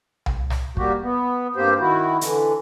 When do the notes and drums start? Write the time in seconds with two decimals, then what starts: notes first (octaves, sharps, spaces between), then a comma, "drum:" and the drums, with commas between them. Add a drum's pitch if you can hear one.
0.26 drum: tom C2
0.50 drum: snare
0.77 G3 A#3 F#4 G4, drum: kick
1.02 B3
1.56 G2 A#3 C4 G4 C5
1.79 D#3 E4 F#4
2.21 D3 E3, drum: hi-hat